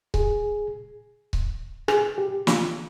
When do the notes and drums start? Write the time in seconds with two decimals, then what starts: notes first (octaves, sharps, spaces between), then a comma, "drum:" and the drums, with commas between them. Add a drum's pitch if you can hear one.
0.14 G#4, drum: kick C#1
1.33 drum: kick C#1
1.88 G#4, drum: rim click
2.18 G4
2.47 F4, drum: snare